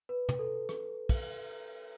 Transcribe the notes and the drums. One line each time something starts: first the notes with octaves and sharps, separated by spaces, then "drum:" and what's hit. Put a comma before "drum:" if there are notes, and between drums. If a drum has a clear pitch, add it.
B4
drum: tom
A4
drum: rim click
drum: kick, cymbal